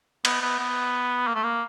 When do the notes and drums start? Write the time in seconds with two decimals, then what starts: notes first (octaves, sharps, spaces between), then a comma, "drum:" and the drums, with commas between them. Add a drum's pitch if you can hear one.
0.25 B3, drum: cymbal
0.42 B3
0.59 B3
1.27 A#3
1.35 A3
1.43 A#3